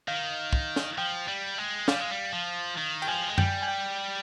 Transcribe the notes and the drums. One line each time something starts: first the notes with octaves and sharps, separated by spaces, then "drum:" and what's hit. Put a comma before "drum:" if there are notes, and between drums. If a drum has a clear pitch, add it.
D#3 F5
drum: kick
drum: snare
F3 G5
G3
G#3
G3 F5, drum: snare
G#3
G3
F3
D#3
G5, drum: cymbal
F3 G#5
G#3
G3 G5, drum: tom F#2
G#5
G5